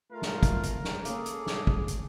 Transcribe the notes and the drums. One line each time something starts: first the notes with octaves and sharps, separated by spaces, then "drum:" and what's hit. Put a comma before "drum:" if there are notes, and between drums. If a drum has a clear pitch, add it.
A3 F4 A#4 F5
drum: snare
drum: kick, hi-hat
drum: hi-hat
drum: snare
A#3 C#4 G#4 A4 F5 D6, drum: hi-hat
drum: hi-hat
drum: snare
drum: kick
drum: hi-hat